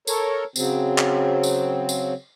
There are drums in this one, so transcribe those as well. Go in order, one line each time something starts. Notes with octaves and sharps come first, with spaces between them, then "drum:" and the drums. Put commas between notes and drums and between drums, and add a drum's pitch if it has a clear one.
A4 A#4 C#5, drum: tambourine
C#3 F#3 C4, drum: tambourine
drum: clap
drum: tambourine
drum: tambourine